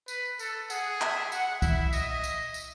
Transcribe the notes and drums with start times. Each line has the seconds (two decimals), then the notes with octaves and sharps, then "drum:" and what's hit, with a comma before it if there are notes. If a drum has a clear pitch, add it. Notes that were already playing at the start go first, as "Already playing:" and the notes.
0.08 B4, drum: tambourine
0.39 A4, drum: tambourine
0.70 G#4 F#5, drum: tambourine
1.01 E5, drum: clap
1.32 F#5, drum: tambourine
1.62 E4 E5, drum: kick C2, tambourine
1.93 D#5, drum: tambourine
2.24 drum: tambourine
2.54 drum: tambourine